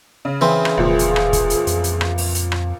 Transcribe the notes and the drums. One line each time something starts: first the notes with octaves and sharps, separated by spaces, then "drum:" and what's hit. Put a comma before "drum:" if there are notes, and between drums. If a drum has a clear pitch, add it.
C#3
E3 C4 G#4
drum: rim click
E1 C#2 A#2 F3
drum: hi-hat
drum: rim click
drum: kick, hi-hat
drum: hi-hat
F2, drum: hi-hat
drum: hi-hat
drum: rim click
drum: open hi-hat
drum: hi-hat
drum: rim click